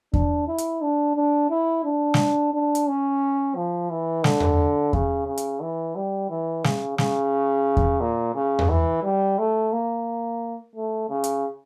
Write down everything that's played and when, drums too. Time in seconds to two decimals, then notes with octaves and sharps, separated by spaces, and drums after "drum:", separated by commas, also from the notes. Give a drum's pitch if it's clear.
0.13 D4, drum: kick E2
0.47 E4
0.58 drum: hi-hat
0.82 D4
1.16 D4
1.50 E4
1.84 D4
2.14 drum: snare
2.53 D4
2.75 drum: hi-hat
2.87 C#4
3.56 F3
3.90 E3
4.24 D3, drum: snare
4.40 drum: tom E2
4.93 C#3, drum: kick E2
5.27 C#3
5.37 drum: hi-hat
5.61 E3
5.96 G3
6.30 E3
6.64 C#3, drum: snare
6.98 C#3, drum: snare
7.77 drum: kick E2
8.01 A#2
8.35 C#3
8.59 drum: tom E2
8.70 E3
9.03 G3
9.38 A3
9.73 A#3
10.75 A3
11.10 C#3
11.24 drum: hi-hat